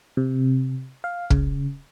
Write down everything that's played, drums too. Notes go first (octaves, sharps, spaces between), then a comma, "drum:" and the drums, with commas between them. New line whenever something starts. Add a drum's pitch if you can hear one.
C3
F5
C#3, drum: kick